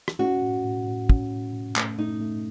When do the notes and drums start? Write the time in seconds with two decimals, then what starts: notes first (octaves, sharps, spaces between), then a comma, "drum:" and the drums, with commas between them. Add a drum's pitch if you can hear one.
0.08 drum: rim click
0.19 C#4 F#4
0.42 A2
0.64 A2
0.87 A2
1.09 C#4, drum: kick
1.31 A2
1.54 A2
1.76 A3, drum: clap
1.99 A3 D#4
2.21 A3